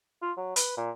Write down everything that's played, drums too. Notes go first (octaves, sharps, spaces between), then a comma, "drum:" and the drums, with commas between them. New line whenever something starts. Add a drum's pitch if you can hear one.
F4
F#3
B4, drum: hi-hat
A#2